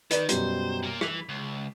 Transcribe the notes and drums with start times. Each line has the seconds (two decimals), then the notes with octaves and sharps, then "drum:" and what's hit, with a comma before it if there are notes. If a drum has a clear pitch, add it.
0.11 D#3 B4 D5, drum: hi-hat
0.29 F#2 B2 G3 C5, drum: hi-hat
0.83 A#2 A#3
1.01 E3 B6, drum: rim click
1.29 C#2